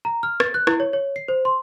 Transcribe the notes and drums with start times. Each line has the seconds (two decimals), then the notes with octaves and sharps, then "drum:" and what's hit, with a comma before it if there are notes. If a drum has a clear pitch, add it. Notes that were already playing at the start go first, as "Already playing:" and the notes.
0.05 A#5
0.23 F6
0.40 A6, drum: rim click
0.54 F#6
0.67 E4, drum: rim click
0.80 C#5
0.93 C#5
1.16 C7
1.28 C5
1.45 C6